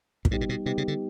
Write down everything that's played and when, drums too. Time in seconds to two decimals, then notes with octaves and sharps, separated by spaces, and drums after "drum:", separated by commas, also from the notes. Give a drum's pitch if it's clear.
0.25 A#2, drum: kick
0.31 A2 G3 B3 D#4 G4
0.41 A#2
0.49 B2
0.66 C3 G3 B3 D#4 G4
0.78 C#3
0.88 D3